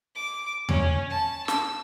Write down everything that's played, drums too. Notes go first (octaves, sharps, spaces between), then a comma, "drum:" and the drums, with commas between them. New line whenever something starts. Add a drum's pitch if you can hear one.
D6
C#4, drum: tom E2
A5
E6, drum: snare